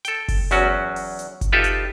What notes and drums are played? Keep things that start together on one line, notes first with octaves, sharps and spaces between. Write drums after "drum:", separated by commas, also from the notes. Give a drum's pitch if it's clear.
A4 G5, drum: hi-hat
drum: kick F#1, open hi-hat
E2 F#3 C#4 F#4, drum: hi-hat
drum: open hi-hat
drum: hi-hat
drum: kick F#1, hi-hat
D#4 F4 G4 A4 B4 E5
drum: hi-hat